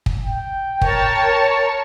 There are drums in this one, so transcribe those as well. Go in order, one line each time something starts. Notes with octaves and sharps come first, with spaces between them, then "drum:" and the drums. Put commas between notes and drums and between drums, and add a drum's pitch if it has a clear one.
drum: kick
G5
A#4 C#5 A5, drum: kick